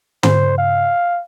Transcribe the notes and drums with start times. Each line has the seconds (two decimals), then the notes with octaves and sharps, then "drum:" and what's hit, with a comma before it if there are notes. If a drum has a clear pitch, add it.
0.23 C5, drum: tom
0.58 F5